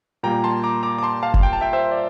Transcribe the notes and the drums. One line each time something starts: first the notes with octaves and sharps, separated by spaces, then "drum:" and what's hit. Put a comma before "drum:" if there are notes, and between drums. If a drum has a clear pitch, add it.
A#2 G3 A#3 G5 A#5
A5 C6
A#5 D6
A#5 D6
D6
A5 C6
F5 A5
drum: kick F1
G5
A5
E5 G5
C5 E5
D5